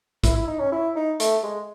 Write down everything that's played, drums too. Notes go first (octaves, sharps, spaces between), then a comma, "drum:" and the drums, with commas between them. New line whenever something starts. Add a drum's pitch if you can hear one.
E4, drum: kick, hi-hat
E4
D#4
C#4
E4
D#4
A3, drum: hi-hat
G#3